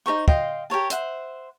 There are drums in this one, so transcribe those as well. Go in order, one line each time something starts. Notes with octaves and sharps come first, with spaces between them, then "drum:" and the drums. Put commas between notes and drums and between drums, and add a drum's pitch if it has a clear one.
D#4 A#4 C5 C#6
D#5 F5 G5 C6, drum: kick
G4 A#4 C#5 A5
C5 E5 F#5, drum: hi-hat